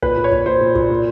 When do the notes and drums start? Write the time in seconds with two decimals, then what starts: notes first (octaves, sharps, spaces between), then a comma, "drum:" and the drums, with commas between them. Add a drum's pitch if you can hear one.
0.03 A#2 B4, drum: kick
0.17 A#2
0.24 C#5
0.32 A#2, drum: kick
0.46 A#2 C5
0.61 A#2
0.75 A#2, drum: kick
0.90 A#2